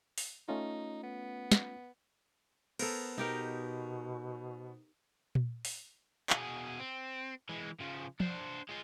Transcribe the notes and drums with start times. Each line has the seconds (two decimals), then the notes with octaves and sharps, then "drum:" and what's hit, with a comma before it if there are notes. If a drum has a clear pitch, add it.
0.18 drum: open hi-hat
0.49 A3 C#4 D#4 F4
1.03 B3
1.52 drum: snare
2.79 B3 A4 A#4 C5, drum: cymbal
3.18 B2 D#4 G4 A#4
5.35 drum: tom A#2
5.65 drum: open hi-hat
6.30 B2 G#4, drum: clap
6.79 C4
7.49 E3 G#3
7.80 C#3 F3
8.20 D4 C5, drum: tom F3
8.69 G#3 F4